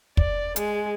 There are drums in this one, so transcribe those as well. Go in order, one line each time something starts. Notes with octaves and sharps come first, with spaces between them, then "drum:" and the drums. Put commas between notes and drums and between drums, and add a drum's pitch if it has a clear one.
D5, drum: kick
G#3, drum: hi-hat